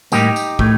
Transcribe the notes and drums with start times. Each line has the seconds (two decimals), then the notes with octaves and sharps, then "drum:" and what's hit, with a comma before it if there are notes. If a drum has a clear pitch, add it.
0.12 A2 G3 A#3 D#4 G4, drum: tambourine
0.36 drum: tambourine
0.59 A2 A3, drum: kick